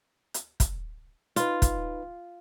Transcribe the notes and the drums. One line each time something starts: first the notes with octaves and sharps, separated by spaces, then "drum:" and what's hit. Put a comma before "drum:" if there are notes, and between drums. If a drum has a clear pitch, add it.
drum: hi-hat
drum: kick, hi-hat
D#4 F4 B4, drum: hi-hat
drum: kick, hi-hat